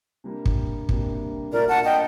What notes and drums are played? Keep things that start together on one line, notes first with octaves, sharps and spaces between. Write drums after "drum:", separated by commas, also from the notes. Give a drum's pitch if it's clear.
C3 G3 A#3 D4
drum: kick
C3 G3 A#3 D4, drum: kick
A#2 A3 D4 F#4 A#4 D5
F#5 A5
D#5 G5